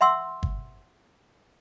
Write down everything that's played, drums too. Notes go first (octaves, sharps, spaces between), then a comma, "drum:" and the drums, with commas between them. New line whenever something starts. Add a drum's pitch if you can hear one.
E5 F#5 C6 E6
drum: kick G1